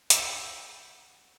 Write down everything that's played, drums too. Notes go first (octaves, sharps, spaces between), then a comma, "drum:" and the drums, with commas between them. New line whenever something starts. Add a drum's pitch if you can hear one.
F#5 B5 E6 G6, drum: hi-hat